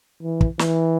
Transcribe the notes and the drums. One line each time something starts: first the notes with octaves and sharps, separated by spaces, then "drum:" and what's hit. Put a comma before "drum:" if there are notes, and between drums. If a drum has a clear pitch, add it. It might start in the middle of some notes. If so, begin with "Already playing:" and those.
E3
drum: kick
E3, drum: snare